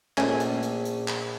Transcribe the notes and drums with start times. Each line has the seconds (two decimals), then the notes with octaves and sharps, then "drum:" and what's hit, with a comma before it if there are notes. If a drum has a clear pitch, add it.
0.18 A#1 A3 C#4 G#5, drum: clap
0.40 drum: hi-hat
0.63 drum: hi-hat
0.85 drum: hi-hat
1.08 drum: clap